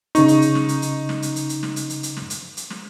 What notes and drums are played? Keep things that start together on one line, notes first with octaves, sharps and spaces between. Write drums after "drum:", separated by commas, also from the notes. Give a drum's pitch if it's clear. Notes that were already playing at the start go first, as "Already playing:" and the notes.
C#3 D#4 C#6, drum: hi-hat
drum: hi-hat
drum: hi-hat
drum: snare
drum: hi-hat
drum: hi-hat
drum: snare
drum: hi-hat
drum: hi-hat
drum: hi-hat
drum: snare
drum: hi-hat
drum: hi-hat
drum: hi-hat
drum: snare
drum: hi-hat
drum: hi-hat
drum: snare